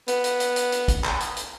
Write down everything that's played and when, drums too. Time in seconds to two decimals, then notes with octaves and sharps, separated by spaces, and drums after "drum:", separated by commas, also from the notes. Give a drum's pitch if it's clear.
0.08 B3, drum: hi-hat
0.24 drum: hi-hat
0.40 drum: hi-hat
0.56 drum: hi-hat
0.72 drum: hi-hat
0.88 drum: kick, hi-hat
1.04 drum: clap
1.20 drum: hi-hat
1.37 drum: hi-hat